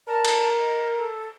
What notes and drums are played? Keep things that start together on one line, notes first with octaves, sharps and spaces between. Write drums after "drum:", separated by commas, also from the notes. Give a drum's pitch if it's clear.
A#4 D5 A5
drum: cymbal
D#5
A4